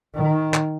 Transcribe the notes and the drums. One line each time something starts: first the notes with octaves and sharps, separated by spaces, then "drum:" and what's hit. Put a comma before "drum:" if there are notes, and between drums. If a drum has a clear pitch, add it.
D#3
drum: clap